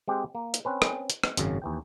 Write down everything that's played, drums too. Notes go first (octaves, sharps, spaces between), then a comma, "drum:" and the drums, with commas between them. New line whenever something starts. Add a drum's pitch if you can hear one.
G#3 C4 G4 F#5
A#3
drum: hi-hat
C4 C#4 B4
drum: rim click
drum: hi-hat
drum: rim click
G#1 F#2 C#3, drum: hi-hat
D#2 E3 G5